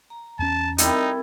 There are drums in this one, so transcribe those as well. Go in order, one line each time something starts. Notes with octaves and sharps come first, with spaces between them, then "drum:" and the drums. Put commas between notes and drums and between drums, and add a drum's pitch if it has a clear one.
A#5
E2 C#4 A5
G3 C4 D#4 E4 A4 A#4, drum: hi-hat